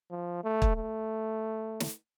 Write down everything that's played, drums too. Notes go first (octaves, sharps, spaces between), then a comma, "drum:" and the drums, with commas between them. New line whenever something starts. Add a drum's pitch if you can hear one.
F3
A3
drum: kick
A3
drum: snare